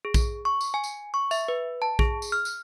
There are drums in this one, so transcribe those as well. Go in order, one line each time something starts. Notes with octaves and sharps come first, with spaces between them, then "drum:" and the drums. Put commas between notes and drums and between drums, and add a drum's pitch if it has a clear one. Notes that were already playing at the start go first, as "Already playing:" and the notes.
G#4
drum: kick A#1, tambourine
C#6
drum: tambourine
G#5
drum: tambourine
C#6
E5, drum: tambourine
B4
A5
G#4, drum: kick A#1
drum: tambourine
F6
drum: tambourine